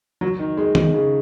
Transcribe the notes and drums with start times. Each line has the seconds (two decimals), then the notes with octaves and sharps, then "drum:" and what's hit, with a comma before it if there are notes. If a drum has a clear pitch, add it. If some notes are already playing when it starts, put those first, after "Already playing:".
0.21 F#3
0.39 D#3
0.57 G#3
0.75 G#3, drum: tom D#3
0.94 C#3